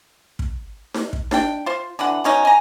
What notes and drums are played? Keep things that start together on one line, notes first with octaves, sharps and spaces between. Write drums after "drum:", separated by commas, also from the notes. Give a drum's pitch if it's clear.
drum: kick
drum: snare D#4
drum: kick
D4 G5, drum: snare D#4
F4 C5
D3 E3 F#5
B2 C#4 D#4
G#5 A#5